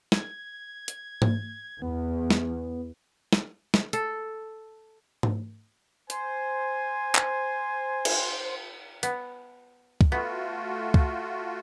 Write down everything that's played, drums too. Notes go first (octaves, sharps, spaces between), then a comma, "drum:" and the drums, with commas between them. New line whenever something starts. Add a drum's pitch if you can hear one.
G#6, drum: snare
drum: hi-hat
drum: tom G#2
E2 B3
drum: snare
drum: snare
drum: snare
A4, drum: hi-hat
drum: tom G#2
C5 G#5, drum: hi-hat
drum: clap
drum: cymbal
B3, drum: hi-hat
drum: kick
A3 B3 F4 F#4
drum: kick